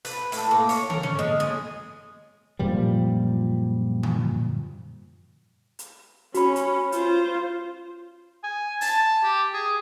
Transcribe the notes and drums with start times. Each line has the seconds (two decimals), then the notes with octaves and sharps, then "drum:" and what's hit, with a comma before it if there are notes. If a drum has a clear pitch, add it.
0.05 B4, drum: open hi-hat
0.32 A2, drum: open hi-hat
0.51 A#3
0.69 C#5, drum: open hi-hat
0.90 A#4, drum: tom D3
1.03 C#4
1.19 G#3, drum: snare
1.40 G#4, drum: snare
2.59 F#2 A#2 F3 G3
4.03 drum: tom D3
5.79 drum: hi-hat
6.34 C#4 F#4 B5, drum: hi-hat
6.56 drum: hi-hat
6.92 F4 C5, drum: hi-hat
8.43 G#5
8.81 A5, drum: open hi-hat
9.23 G4
9.54 G#4